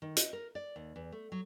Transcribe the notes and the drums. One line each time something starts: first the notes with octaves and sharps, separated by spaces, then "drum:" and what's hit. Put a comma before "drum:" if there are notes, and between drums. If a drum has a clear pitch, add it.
D#3
D#5, drum: hi-hat
A#4
D5
D#2
E2
A3
F#3